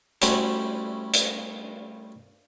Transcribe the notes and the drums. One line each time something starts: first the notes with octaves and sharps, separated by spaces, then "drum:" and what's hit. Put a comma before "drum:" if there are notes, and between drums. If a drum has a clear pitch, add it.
G3 A3 C#4 E4 F#4 C5, drum: hi-hat
drum: hi-hat